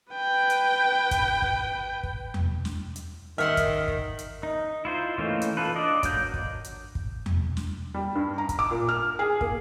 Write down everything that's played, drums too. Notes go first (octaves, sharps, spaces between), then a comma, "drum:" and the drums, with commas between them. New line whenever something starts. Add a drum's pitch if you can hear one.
B4 G5
drum: hi-hat
drum: kick, hi-hat
drum: kick
drum: kick
drum: tom E2
drum: snare
drum: hi-hat
D#3 E5 F#5 C6 F6
drum: kick, hi-hat
drum: kick
drum: hi-hat
D#4
E4 F4 C5
E3 A3 A#3 C#4 D#4
drum: hi-hat
F4 A4 B4
D4 D5 D#5
F#3 A#3 G6, drum: kick, hi-hat
drum: kick
drum: hi-hat
drum: kick
drum: tom E2
drum: snare
G3
G2
A#5
drum: kick, hi-hat
D6
A#2
F6
G#4
A#3, drum: kick